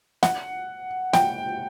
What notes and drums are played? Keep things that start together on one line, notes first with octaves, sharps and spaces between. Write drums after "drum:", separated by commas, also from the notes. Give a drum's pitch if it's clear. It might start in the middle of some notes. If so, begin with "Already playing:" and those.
F#5, drum: snare
G5, drum: snare